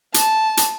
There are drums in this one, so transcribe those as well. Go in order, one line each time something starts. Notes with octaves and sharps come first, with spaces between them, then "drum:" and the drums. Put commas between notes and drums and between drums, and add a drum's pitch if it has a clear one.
A5, drum: hi-hat
drum: hi-hat